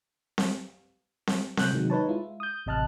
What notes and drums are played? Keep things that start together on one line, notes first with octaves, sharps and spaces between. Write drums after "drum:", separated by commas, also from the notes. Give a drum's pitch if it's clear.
drum: snare C4
drum: snare C4
C3 F#6 G6, drum: snare C4
C3 D#3 F#3 G#3
D#4 B4 C#5 A5
G#3 E4 F4
D#6 G6
A1 C3 D#5 A5 F6 F#6